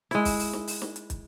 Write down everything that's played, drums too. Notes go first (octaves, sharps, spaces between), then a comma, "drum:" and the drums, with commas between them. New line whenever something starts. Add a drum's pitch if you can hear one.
G#3 E4, drum: snare
drum: kick, open hi-hat
drum: open hi-hat
drum: snare
drum: open hi-hat
drum: snare
drum: hi-hat
drum: kick, hi-hat